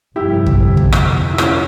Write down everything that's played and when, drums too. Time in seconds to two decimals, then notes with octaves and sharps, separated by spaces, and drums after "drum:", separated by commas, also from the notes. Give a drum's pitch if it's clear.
0.15 G1 F2 C3 F3 E4 G4
0.46 drum: kick
0.77 drum: kick
0.92 drum: rim click
1.34 E4
1.38 C#4 F4, drum: rim click